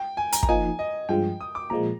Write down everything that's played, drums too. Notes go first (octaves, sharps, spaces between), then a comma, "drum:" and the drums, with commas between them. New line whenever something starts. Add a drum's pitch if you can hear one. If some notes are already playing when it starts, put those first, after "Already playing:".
Already playing: G5
G#5
A#5, drum: hi-hat
A#5, drum: kick
F3 A#3 D#4 G#5
D#5
G2 F3 G#3 G5
D#6
D6
A#2 F3 G#3 A#5